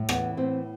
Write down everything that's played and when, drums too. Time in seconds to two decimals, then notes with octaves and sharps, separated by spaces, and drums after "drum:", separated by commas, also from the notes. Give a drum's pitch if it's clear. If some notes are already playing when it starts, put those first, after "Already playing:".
Already playing: A2
0.09 E3 B3, drum: rim click
0.37 A2 C4